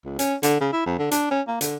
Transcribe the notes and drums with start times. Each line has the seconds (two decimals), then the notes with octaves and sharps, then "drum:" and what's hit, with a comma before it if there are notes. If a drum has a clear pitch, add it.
0.05 C#2
0.19 C#4, drum: hi-hat
0.43 D3, drum: hi-hat
0.61 C#3
0.73 E4
0.86 F2
0.99 D3
1.11 D4, drum: hi-hat
1.31 C#4
1.48 A#3
1.61 D3, drum: hi-hat